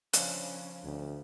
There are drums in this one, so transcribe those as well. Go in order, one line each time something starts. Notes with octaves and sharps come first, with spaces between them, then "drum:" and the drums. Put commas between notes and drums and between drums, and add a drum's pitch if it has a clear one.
C#3 F3 C#4 D4, drum: hi-hat
D2